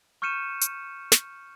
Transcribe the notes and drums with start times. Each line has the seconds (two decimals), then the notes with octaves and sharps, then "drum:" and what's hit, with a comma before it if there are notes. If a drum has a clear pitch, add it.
0.22 C#6 F6 G6 C#7 D#7 E7
0.61 drum: hi-hat
1.12 drum: snare